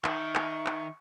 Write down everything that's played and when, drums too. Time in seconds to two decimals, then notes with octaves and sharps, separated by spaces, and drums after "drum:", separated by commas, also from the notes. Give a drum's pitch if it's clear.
0.04 D#3 E5 C#6, drum: clap
0.35 drum: clap
0.66 drum: clap